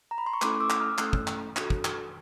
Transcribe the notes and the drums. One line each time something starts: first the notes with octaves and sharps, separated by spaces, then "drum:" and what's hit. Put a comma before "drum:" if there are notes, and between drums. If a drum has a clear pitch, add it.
A#5
B5
C6
C#6
A3 C#4 E4 A4 C6 D6, drum: clap
D6 E6
drum: clap
D#6 F6
A3 C#4 E4 A4 E6 F#6, drum: clap
drum: kick
drum: clap
D4 F#4 A4, drum: clap
drum: kick
drum: clap